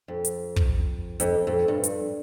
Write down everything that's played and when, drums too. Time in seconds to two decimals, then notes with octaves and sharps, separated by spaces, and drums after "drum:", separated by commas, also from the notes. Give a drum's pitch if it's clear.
0.08 F2
0.25 drum: hi-hat
0.56 drum: kick
1.20 F2, drum: hi-hat
1.47 F2
1.68 G2
1.84 drum: hi-hat